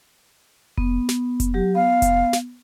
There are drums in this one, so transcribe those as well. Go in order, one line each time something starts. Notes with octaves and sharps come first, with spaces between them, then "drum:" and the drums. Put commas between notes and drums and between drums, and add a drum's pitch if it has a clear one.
B3, drum: kick F1
drum: snare
drum: kick F1, hi-hat
F#3 G4
B3 F5
drum: kick F1, hi-hat
drum: snare